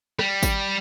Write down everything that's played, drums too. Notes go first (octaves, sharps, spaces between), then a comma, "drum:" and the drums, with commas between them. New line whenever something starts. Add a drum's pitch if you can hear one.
G3, drum: rim click
drum: kick, tambourine